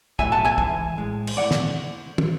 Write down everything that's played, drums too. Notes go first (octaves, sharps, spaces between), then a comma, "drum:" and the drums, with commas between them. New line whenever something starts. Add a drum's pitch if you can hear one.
B1 A2 F#3 E5 G#5, drum: kick
F#5 A5
E5 G#5
G#2 E3 G#5, drum: kick
A2 G#3
drum: cymbal
A2 E3 A3 D5 F#5
drum: snare
drum: tom